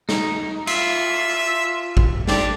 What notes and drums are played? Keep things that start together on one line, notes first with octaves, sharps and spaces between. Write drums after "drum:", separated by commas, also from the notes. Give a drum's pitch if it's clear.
D#4, drum: snare
F4 E5, drum: cymbal
drum: kick
C4 D4 G4, drum: snare